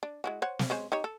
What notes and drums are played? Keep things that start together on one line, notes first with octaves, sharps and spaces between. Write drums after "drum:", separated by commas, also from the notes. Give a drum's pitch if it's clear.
D4
G#3 E4 F#4
C5 C#5 F#5
drum: snare
G#3 C#4 C5
D#4 G4 C#5
A4